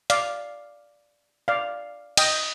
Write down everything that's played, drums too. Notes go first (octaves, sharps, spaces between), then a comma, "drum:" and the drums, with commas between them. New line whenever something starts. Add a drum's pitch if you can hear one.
D5 F5, drum: hi-hat
D5 F5
D#5 G5, drum: cymbal